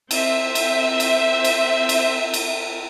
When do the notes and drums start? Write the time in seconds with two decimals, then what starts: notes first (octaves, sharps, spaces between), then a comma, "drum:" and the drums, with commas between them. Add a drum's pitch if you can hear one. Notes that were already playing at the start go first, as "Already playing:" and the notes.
0.11 C4 E5, drum: cymbal
0.55 drum: cymbal
1.00 drum: cymbal
1.44 drum: cymbal
1.89 drum: cymbal
2.34 drum: cymbal